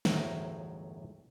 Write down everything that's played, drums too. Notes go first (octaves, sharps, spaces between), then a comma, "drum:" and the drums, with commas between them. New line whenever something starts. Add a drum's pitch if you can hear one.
G1 E2 A2 F#3 D#4 C5, drum: snare